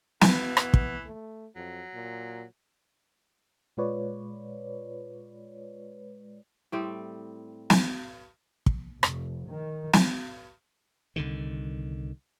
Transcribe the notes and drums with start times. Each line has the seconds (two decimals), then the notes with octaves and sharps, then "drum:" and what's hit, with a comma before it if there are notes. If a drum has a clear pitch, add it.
0.21 E3 B3, drum: snare
0.57 drum: rim click
0.74 drum: kick
1.06 A3
1.56 F2 F#3
1.94 A#2
3.77 A#2 G#3 F4 B4 C#5 D5
6.72 A2 G3 C4
7.70 drum: snare
8.66 drum: kick
9.03 F1, drum: rim click
9.49 D#3
9.93 drum: snare
11.16 C2 D3 D#3